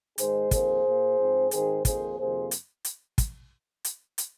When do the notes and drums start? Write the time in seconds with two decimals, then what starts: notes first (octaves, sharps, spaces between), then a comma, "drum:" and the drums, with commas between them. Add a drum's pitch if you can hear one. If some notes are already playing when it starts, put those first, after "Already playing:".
0.18 G#2 D#3 G#3 G#4 C5, drum: hi-hat
0.51 F2 D#3 A#3 G#4 C5, drum: kick, hi-hat
0.85 A#2 A#3
1.18 G#2 F3 C4
1.51 G#2 D#3 C4 G#4 C5, drum: hi-hat
1.85 F2 D#3 A#3 G#4 C5, drum: kick, hi-hat
2.18 F2 C3 D#3 A#3 G#4 C5
2.51 drum: hi-hat
2.85 drum: hi-hat
3.18 drum: kick, hi-hat
3.84 drum: hi-hat
4.18 drum: hi-hat